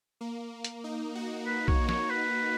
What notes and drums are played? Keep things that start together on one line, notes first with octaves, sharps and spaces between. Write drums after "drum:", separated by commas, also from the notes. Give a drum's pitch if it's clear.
A#3
drum: hi-hat
D#4
F#4
B4
C#5, drum: kick
C#5, drum: snare
B4